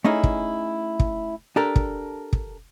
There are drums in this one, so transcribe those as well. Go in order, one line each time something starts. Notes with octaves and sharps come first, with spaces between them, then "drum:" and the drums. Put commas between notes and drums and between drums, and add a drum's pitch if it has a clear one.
A3 C#4 D#4 E4 G#4
drum: kick
drum: kick
D4 G4 A4 A#4
drum: kick
drum: kick